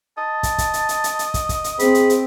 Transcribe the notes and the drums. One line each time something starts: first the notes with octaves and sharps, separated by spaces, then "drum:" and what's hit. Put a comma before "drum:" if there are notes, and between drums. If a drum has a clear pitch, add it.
D#5 A5
drum: kick, hi-hat
drum: kick, hi-hat
drum: hi-hat
drum: hi-hat
drum: hi-hat
drum: hi-hat
drum: kick, hi-hat
drum: kick, hi-hat
drum: hi-hat
C4 G#4 B5, drum: hi-hat
drum: hi-hat
drum: hi-hat